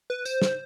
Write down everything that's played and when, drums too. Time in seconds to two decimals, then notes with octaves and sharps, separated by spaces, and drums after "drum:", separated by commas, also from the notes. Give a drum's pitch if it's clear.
0.10 B4
0.25 C5, drum: tambourine
0.42 drum: snare